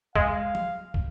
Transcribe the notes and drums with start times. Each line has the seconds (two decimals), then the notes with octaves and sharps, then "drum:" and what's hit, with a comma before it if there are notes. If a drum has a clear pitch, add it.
0.15 G#3 F5, drum: kick
0.55 drum: tom
0.94 drum: kick